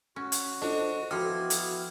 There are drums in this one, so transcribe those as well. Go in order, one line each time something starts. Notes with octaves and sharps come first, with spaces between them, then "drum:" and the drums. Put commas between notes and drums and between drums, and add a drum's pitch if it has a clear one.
C#4 F#4
drum: hi-hat
D4 F4 A4 C5 D#5
F3 B3 E4 F#4 A4 G5 D6 F6
drum: hi-hat